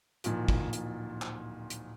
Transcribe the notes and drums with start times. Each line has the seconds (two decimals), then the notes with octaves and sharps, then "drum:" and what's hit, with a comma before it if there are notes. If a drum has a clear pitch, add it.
0.24 D1 A#2 D#3 F3, drum: hi-hat
0.48 drum: kick
0.73 drum: hi-hat
1.22 drum: clap
1.70 drum: hi-hat